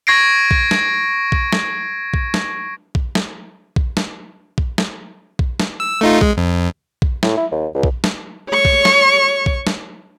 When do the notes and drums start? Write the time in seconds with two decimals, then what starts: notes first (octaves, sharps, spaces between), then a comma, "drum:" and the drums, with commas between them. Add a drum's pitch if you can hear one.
0.07 C#6 G#6 A#6 C7 D7
0.51 drum: kick A#1
0.71 drum: snare
1.32 drum: kick A#1
1.53 drum: snare
2.14 drum: kick A#1
2.34 drum: snare
2.95 drum: kick A#1
3.15 drum: snare
3.76 drum: kick A#1
3.97 drum: snare
4.58 drum: kick A#1
4.78 drum: snare
5.39 drum: kick A#1
5.60 drum: snare
5.80 E6
6.01 A3 D#4 F4
6.21 G#3, drum: kick A#1
6.37 F2
7.02 drum: kick A#1
7.23 A2, drum: snare
7.37 E4
7.51 D#2
7.74 C#2
7.83 drum: kick A#1
8.04 drum: snare
8.49 C#5 C#6
8.65 drum: kick A#1
8.85 drum: snare
9.46 drum: kick A#1
9.67 drum: snare